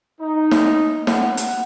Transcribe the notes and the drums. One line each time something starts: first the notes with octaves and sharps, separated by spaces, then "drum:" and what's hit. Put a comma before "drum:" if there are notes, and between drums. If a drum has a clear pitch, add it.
D#4
drum: snare
F#5, drum: snare
drum: hi-hat